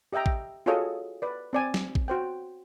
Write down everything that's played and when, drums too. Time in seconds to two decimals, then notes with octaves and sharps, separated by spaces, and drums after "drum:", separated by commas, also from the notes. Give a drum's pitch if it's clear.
0.13 G4 D#5 E5 G5 A#5
0.26 drum: kick A1
0.66 F4 F#4 G#4 A4 C#5 D#5
1.22 B4 D5
1.53 C4 D5 G#5
1.74 drum: snare
1.95 drum: kick A1
2.08 F#4 C5 G5